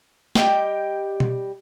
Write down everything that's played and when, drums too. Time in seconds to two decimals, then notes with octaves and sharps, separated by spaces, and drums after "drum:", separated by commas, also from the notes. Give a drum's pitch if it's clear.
0.35 G3 G4 D#5 G5, drum: snare
1.20 drum: tom B2